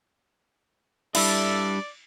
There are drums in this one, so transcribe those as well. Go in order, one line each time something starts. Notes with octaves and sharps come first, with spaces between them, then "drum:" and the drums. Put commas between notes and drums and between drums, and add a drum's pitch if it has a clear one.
G3 D4 E4 A4 D5, drum: cymbal